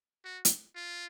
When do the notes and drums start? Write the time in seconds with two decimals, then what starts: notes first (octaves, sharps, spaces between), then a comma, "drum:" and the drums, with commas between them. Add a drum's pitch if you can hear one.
0.25 F#4
0.45 drum: hi-hat
0.75 F4